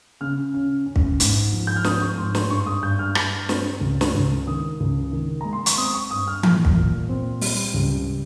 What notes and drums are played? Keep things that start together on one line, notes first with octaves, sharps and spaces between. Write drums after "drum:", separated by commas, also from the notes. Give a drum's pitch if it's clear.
C#3 F6
C#4
C#4
drum: kick
G#2, drum: hi-hat
F3
G6
F6
C4 D#6, drum: snare
C#6
G#2 C6
C6, drum: snare
G2 C#6
D#6
G2 G6
F6
G2, drum: rim click
C4, drum: snare
C#2
drum: snare
C#2
D#3 D#6
C#2
D#3
G#3 A#5
C6
C#6, drum: hi-hat
C4 D#6
C#6
G2 D#6
F6
A#2 F6, drum: tom E3
drum: kick
A#2
C4
G3, drum: open hi-hat
C#2